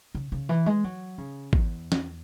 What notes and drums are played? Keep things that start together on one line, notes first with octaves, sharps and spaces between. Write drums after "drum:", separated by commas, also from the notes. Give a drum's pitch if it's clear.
C#3
C#3
E3
G#3
F#3
C#3
E2, drum: kick G#1
drum: snare